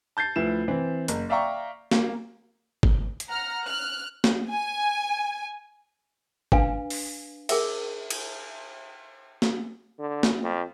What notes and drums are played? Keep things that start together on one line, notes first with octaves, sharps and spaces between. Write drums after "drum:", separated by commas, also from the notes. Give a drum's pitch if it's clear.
A5 G6 A6 C7
D2 F3 E4 B4 E7
E3 C4
F#1, drum: hi-hat
D5 E5 F5 G5 A#5 C#6
A#3, drum: snare
drum: kick G1
drum: hi-hat
F#5 A#5 F6
F6 F#6
drum: snare
G#5
D4 B4 F5 G#5, drum: kick G1
drum: open hi-hat
G#4 A#4 E5, drum: cymbal
drum: cymbal
drum: snare
D3
drum: snare
F2